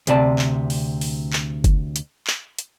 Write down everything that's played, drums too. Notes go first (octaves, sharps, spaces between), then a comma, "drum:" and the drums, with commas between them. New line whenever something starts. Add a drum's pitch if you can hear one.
D2 C3 D5 A5, drum: hi-hat
drum: clap
drum: open hi-hat
drum: open hi-hat
drum: clap
drum: kick F#1, hi-hat
drum: hi-hat
drum: clap
drum: hi-hat